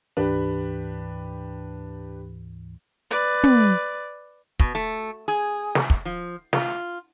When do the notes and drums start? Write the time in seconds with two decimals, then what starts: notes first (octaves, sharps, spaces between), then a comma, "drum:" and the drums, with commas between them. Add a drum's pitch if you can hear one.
0.17 D2 G#2 E3 D4 G4 B4
3.11 B4 D5, drum: hi-hat
3.43 drum: tom
4.59 B2, drum: kick
4.75 A3
5.28 G#4
5.75 drum: snare
5.90 drum: kick
6.05 F3
6.53 F4, drum: snare